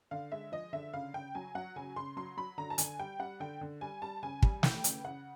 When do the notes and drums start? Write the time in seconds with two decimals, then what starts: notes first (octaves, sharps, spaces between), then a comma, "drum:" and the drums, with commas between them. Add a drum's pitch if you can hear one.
0.11 D3 F5
0.32 G#3 E5
0.52 F3 D#5
0.73 D3 E5
0.93 C#3 F5
1.14 C#3 G5
1.35 F#3 G#5
1.55 F#3 F#5
1.76 C#3 G#5
1.96 C#3 C6
2.17 F#3 C6
2.37 F#3 B5
2.58 D3 A#5
2.70 A5
2.78 D3 G#5, drum: hi-hat
2.99 G3 G5
3.19 G3 F#5
3.40 D3 G5
3.61 D3
3.81 G3 G#5
4.02 G3 A5
4.23 C#3 G#5
4.43 G3, drum: kick
4.63 E3 G5, drum: snare
4.84 C#3, drum: hi-hat
5.04 C#3 F#5